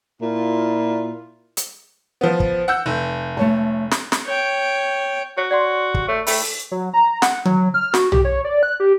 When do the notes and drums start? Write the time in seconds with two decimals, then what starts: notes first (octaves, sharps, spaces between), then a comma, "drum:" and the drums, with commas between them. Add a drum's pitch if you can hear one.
0.22 A#2 E4 F4
1.57 drum: hi-hat
2.21 F3 B3
2.40 drum: kick
2.68 F#5 E6 G6
2.86 F1
3.37 A3 C#5 A5
3.91 drum: snare
4.12 drum: snare
4.25 C#5 G5
5.38 F#4 C#5
5.51 D5 F#5 C6
5.94 G4, drum: kick
6.08 A3 C#5
6.27 A3 G5 B5, drum: open hi-hat
6.71 F#3
6.93 A#5
7.22 F#5, drum: snare
7.45 F#3, drum: tom D3
7.74 F6
7.94 F#4, drum: snare
8.12 G4, drum: tom
8.25 C#5
8.45 D5
8.63 F#6
8.80 G4